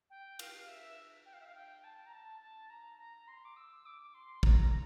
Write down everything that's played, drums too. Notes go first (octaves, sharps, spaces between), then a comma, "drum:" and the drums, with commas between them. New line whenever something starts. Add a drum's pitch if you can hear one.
G5
F5, drum: cymbal
E5
G5
F5
E5
F5
G5
A5
A#5
A5
A5
A#5
A#5
C6
D6
E6
D6
C6
A#5, drum: kick